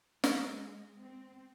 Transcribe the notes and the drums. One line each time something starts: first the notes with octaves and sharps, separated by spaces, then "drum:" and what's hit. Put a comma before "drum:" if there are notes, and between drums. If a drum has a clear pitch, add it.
G#3, drum: snare
C4